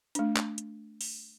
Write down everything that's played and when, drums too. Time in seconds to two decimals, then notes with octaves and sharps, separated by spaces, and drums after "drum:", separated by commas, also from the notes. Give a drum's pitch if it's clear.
0.15 A3 D4, drum: hi-hat
0.37 drum: clap
0.58 drum: hi-hat
1.01 drum: open hi-hat